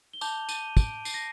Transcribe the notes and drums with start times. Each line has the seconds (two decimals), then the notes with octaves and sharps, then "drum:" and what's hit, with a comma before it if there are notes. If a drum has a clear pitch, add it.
0.13 G7
0.21 A5 D6 G6 F7, drum: tambourine
0.49 D#7, drum: tambourine
0.77 D7, drum: kick, tambourine
1.05 C7, drum: tambourine
1.14 A#6